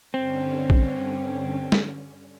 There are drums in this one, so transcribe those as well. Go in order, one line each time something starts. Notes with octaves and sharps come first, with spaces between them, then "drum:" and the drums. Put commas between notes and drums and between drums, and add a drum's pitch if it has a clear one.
G2 D3 C4 C#4
drum: kick A#1
drum: snare